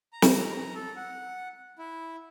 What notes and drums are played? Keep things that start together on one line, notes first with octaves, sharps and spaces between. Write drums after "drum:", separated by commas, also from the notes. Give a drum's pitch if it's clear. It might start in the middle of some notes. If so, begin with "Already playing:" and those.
A#5
drum: snare
A4
F#5
E4